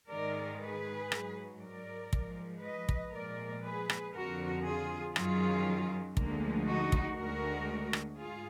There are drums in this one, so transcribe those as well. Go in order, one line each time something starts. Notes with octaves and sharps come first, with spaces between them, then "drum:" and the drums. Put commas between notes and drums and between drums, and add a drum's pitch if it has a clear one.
G#2 D#3 G#3 A#4 D5
G#4 B4
G#2 F#3, drum: rim click
A#4 D5
G#2 F3 G#3, drum: kick
B4 D#5
drum: kick
A#2 F3 G#3 A#4 D5
G#4 B4
drum: rim click
F2 D3 F3 F#4 A#4
F4 G#4
F#2 D#3 F#3 F4 G#4, drum: rim click
D2 D3 F3 G#3 A#3, drum: kick
D#4 F#4
drum: kick
D2 D3 G#3 F#4 A#4
drum: rim click
G#2 F4 G#4